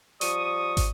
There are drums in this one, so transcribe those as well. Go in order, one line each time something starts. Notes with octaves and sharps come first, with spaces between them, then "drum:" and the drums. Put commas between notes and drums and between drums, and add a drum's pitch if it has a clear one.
F3 G3 C#6 D#6, drum: hi-hat
drum: kick, hi-hat